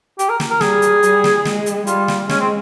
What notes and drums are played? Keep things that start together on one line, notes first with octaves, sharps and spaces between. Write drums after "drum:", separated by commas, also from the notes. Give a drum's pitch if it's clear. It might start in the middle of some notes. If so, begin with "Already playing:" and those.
G4, drum: hi-hat
A#4
drum: snare
A#4
G3 G#4, drum: snare
drum: hi-hat
G3, drum: hi-hat
drum: snare
G#3, drum: snare
drum: hi-hat
G3 F4, drum: hi-hat
drum: snare
G#3 C#4, drum: snare
C4